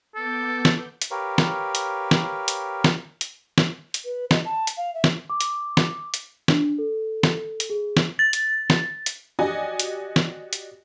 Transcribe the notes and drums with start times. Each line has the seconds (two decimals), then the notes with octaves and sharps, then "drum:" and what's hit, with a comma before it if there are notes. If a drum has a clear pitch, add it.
0.15 B3 A4 D6 G6
0.65 drum: snare
1.02 drum: hi-hat
1.11 G4 A#4 B4 C#5 F5
1.38 drum: snare
1.75 drum: hi-hat
2.11 drum: snare
2.48 drum: hi-hat
2.84 drum: snare
3.21 drum: hi-hat
3.58 drum: snare
3.94 drum: hi-hat
4.05 B4
4.31 D#5, drum: snare
4.45 A5
4.67 drum: hi-hat
4.77 F5
4.94 E5
5.04 drum: snare
5.30 D6
5.41 drum: hi-hat
5.77 drum: snare
6.14 drum: hi-hat
6.48 D4, drum: snare
6.78 A4
7.23 drum: snare
7.60 drum: hi-hat
7.70 G#4
7.97 drum: snare
8.19 A6
8.33 drum: hi-hat
8.70 drum: snare
9.06 drum: hi-hat
9.39 F#4 G4 D5 D#5 G#5
9.79 drum: hi-hat
10.16 drum: snare
10.53 drum: hi-hat